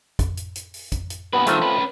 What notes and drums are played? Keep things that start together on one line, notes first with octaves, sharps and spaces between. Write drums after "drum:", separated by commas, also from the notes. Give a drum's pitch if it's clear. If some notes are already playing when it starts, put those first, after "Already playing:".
drum: kick, hi-hat
drum: hi-hat
drum: hi-hat
drum: open hi-hat
drum: kick, hi-hat
drum: hi-hat
G2 A#2 B3 B4
G2 D#3 A3 C4 F4, drum: hi-hat
C#4 B4